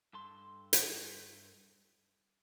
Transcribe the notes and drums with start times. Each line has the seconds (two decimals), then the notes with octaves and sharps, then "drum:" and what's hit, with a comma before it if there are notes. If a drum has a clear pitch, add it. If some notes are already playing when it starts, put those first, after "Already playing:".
0.13 G2 A4 C6
0.73 drum: hi-hat